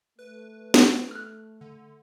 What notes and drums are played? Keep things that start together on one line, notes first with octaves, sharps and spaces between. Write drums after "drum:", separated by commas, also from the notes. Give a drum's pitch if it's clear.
A3 B4
drum: snare
F6 F#6
D3